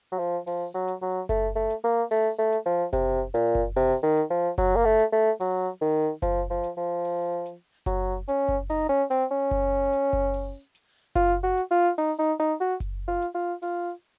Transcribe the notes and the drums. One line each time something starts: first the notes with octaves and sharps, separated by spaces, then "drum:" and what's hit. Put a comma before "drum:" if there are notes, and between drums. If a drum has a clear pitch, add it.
F#3
F3
F3, drum: open hi-hat
F#3
drum: hi-hat
F#3
A3, drum: kick F#1, hi-hat
A3
drum: hi-hat
A#3
A3, drum: open hi-hat
A3
drum: hi-hat
F3
C3, drum: kick F#1, hi-hat
A#2, drum: hi-hat
drum: kick F#1
C3, drum: open hi-hat
D#3
drum: hi-hat
F3
F#3, drum: kick F#1, hi-hat
A#3
A3
drum: hi-hat
A3
F#3, drum: open hi-hat
D#3
F3, drum: kick F#1, hi-hat
F3
drum: hi-hat
F3
drum: open hi-hat
drum: hi-hat
F#3, drum: kick F#1, hi-hat
C#4, drum: hi-hat
drum: kick F#1
D#4, drum: open hi-hat
C#4
C4, drum: hi-hat
C#4
drum: kick F#1
drum: hi-hat
drum: kick F#1
drum: open hi-hat
drum: hi-hat
F4, drum: kick F#1, hi-hat
F#4
drum: hi-hat
F4
D#4, drum: open hi-hat
D#4
D#4, drum: hi-hat
F#4
drum: kick F#1, hi-hat
F4
drum: hi-hat
F4
F4, drum: open hi-hat